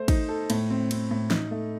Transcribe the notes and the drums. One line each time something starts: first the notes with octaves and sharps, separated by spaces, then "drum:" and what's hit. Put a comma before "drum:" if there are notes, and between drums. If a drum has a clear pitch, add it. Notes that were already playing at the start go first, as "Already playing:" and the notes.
Already playing: A3 C5
D#4, drum: kick, cymbal
A4
A2, drum: cymbal
C4
C4, drum: cymbal
A2
D#4, drum: snare
A3